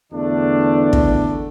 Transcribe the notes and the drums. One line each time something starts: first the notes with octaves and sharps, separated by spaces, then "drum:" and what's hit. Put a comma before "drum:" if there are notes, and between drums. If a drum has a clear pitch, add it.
E2 D3 A3 D4
drum: kick